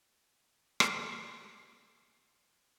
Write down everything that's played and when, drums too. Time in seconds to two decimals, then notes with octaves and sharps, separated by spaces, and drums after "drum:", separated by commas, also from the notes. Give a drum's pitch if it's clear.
0.12 B3
0.45 G5
0.80 drum: rim click
1.19 D#5
1.46 C5
1.76 C#3
2.06 B1
2.36 F#3
2.61 A#4